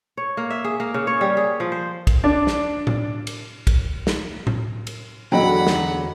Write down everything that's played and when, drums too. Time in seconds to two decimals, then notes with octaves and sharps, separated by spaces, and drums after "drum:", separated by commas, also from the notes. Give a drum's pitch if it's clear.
0.17 C#5
0.37 A#3
0.50 E5
0.64 G#4
0.80 A#3
0.94 C#3
1.07 C#5
1.21 G3
1.37 G#4
1.60 F3
1.72 C5
2.07 drum: kick, cymbal
2.24 D4
2.47 drum: snare
2.87 drum: tom A2
3.27 drum: cymbal
3.67 drum: kick, cymbal
4.07 drum: snare
4.47 drum: tom A2
4.87 drum: cymbal
5.32 E2 D3 F#3 A4 D#5 F#5 G5 B5
5.67 drum: snare